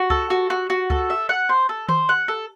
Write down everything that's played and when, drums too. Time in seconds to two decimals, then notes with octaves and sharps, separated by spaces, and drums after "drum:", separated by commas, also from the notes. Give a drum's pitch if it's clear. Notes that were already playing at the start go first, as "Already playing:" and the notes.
Already playing: F#4
0.10 A4, drum: kick C#2
0.30 F#4
0.50 F#4
0.70 F#4
0.90 A4, drum: kick C#2
1.10 E5
1.29 F#5
1.49 C5
1.69 A4
1.89 C5, drum: tom D#3
2.09 F#5
2.28 A4